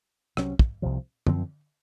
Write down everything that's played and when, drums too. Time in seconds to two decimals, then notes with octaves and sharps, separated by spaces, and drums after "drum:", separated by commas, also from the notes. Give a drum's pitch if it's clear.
0.37 C2 C3 F#3 C#4, drum: rim click
0.59 drum: kick
0.82 C2 C3 F3
1.27 F#2 F3 C4, drum: tom